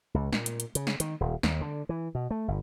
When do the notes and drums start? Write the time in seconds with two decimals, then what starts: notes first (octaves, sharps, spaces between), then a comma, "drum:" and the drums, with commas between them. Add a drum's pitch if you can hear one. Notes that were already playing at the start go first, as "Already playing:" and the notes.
0.14 C#2
0.33 A#2, drum: snare
0.46 drum: hi-hat
0.60 drum: hi-hat
0.75 C#3, drum: hi-hat
0.87 drum: snare
1.00 D#3, drum: hi-hat
1.20 D#1
1.43 D#2, drum: snare
1.61 D3
1.89 E3
2.15 B2
2.31 A3
2.48 G1